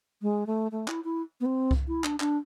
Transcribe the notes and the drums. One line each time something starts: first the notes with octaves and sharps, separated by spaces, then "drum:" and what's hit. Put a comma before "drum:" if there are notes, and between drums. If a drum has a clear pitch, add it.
G#3
A3
A3
E4, drum: clap
E4
B3
C4
drum: kick C2
E4
D4, drum: clap
D4, drum: clap